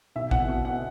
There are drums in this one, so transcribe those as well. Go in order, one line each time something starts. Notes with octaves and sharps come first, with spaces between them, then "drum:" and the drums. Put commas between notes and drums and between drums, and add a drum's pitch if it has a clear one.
B1 E5
B2 F#5, drum: kick A1
B2
B2 F#5